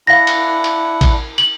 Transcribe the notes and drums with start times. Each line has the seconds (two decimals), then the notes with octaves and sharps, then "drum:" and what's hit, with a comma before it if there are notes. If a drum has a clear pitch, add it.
0.07 D4 E4 F5 F#5 A#6
0.27 drum: cymbal
0.64 drum: cymbal
1.01 drum: kick, cymbal
1.38 F#7, drum: cymbal